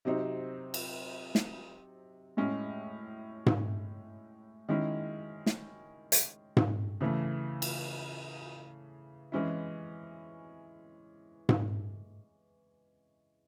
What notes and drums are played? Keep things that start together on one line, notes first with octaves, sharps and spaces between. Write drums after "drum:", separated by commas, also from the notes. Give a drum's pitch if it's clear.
C3 F#3 C4 D#4
drum: cymbal
drum: snare
A2 G#3 C#4
drum: tom G#2
D#3 G#3 C#4 E4
drum: snare
drum: hi-hat
drum: tom G#2
C#3 E3 A3
drum: cymbal
E3 G#3 C#4 E4
drum: tom G#2